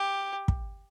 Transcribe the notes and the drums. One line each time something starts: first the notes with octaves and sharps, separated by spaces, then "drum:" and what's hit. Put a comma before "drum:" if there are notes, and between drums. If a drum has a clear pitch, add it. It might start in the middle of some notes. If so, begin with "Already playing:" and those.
Already playing: G4
drum: kick